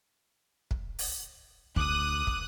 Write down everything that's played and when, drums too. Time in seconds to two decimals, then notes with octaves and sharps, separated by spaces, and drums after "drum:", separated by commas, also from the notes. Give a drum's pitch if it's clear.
0.71 drum: kick
0.99 drum: open hi-hat
1.76 D2 D6 D#6 F#6, drum: kick
2.27 drum: kick